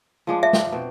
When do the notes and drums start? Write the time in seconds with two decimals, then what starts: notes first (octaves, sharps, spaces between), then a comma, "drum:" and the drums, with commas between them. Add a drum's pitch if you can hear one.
0.27 F3 G#3 D4
0.43 D4 E5
0.53 drum: snare
0.72 B2 C4